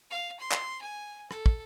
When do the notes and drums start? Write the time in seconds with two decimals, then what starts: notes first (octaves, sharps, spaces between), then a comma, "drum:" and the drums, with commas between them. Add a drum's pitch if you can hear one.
0.10 F5
0.39 C6
0.52 drum: clap
0.82 G#5
1.31 A4, drum: rim click
1.46 drum: kick